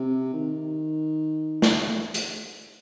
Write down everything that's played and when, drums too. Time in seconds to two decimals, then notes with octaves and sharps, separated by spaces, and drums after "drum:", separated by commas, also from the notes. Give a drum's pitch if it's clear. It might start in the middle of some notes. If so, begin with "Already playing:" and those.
Already playing: C3
0.33 D#3
1.62 drum: snare
2.14 drum: hi-hat